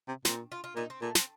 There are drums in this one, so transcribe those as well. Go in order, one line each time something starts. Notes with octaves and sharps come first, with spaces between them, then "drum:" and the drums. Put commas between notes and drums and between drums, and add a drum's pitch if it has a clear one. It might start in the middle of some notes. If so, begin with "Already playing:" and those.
C3
A#2 C4, drum: snare
F4
F4
A#2 D#4
C4
A#2 A3
C4, drum: snare